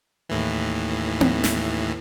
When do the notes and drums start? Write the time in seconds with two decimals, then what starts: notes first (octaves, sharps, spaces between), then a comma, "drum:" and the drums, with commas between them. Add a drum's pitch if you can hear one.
0.29 D#2 A2 E3
1.21 drum: tom B3
1.44 drum: snare